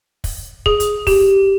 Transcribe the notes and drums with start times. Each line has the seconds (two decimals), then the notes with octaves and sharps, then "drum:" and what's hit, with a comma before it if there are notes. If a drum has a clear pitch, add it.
0.24 drum: kick, open hi-hat
0.66 G#4, drum: kick
0.80 drum: hi-hat
1.07 G4, drum: kick, open hi-hat